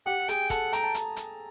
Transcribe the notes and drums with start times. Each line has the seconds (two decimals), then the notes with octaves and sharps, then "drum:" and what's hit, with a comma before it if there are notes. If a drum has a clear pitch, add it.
0.06 G4 F#5 G5
0.28 G#4 G5 G#5, drum: hi-hat
0.50 A4 F#5 A5, drum: kick, hi-hat
0.73 G5 A#5, drum: hi-hat
0.83 A5
0.94 drum: hi-hat
1.16 drum: hi-hat